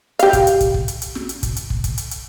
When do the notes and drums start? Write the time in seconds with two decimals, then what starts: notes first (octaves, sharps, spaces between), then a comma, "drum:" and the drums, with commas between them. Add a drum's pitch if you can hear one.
0.19 G4 F5, drum: hi-hat
0.33 drum: kick, hi-hat
0.47 drum: hi-hat
0.61 drum: kick, hi-hat
0.74 drum: kick
0.88 drum: hi-hat
1.02 drum: hi-hat
1.15 drum: snare
1.29 drum: hi-hat
1.43 drum: kick, hi-hat
1.56 drum: hi-hat
1.70 drum: kick
1.84 drum: kick, hi-hat
1.98 drum: hi-hat
2.11 drum: hi-hat